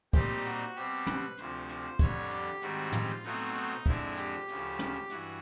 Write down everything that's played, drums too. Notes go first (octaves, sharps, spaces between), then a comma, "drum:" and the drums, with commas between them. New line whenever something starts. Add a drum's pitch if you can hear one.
A#2 G3 C4 D#4 G4, drum: kick, hi-hat
F#4, drum: hi-hat
B2 G3 C4 G4
B4, drum: tom
D2 C3 F3 C5, drum: hi-hat
C5, drum: hi-hat
F2 D3 G3 C#5, drum: kick, hi-hat
G4, drum: hi-hat
G#2 D#3 G3 C4 F#4, drum: hi-hat
F4, drum: tom
B2 F#3 A3 C4 D#4, drum: hi-hat
D#4, drum: hi-hat
F2 D3 F3 G#3 C4 E4, drum: kick, hi-hat
G4, drum: hi-hat
D2 C#3 F3, drum: hi-hat
drum: tom
G2 E3 F#4, drum: hi-hat